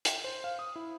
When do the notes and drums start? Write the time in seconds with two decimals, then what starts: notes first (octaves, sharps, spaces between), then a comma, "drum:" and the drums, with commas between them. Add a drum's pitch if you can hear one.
0.05 G5, drum: hi-hat
0.24 C5
0.44 F5
0.59 D#6
0.76 E4